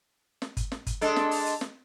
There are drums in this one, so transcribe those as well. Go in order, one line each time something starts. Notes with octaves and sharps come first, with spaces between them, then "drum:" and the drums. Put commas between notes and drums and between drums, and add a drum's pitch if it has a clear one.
drum: snare
drum: kick G1, hi-hat
drum: snare
drum: kick G1, hi-hat
G#3 D4 A4, drum: hi-hat
drum: snare
drum: open hi-hat
drum: hi-hat
drum: snare